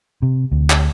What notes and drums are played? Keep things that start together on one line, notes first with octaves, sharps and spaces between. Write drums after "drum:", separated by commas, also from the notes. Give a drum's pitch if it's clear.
C3
D2
drum: clap